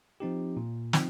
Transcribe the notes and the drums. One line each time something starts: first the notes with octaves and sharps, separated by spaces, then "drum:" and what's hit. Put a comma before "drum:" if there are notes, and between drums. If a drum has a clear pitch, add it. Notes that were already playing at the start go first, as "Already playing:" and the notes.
F3 C4 D#4 G4
A#2
F3 C4 D#4, drum: snare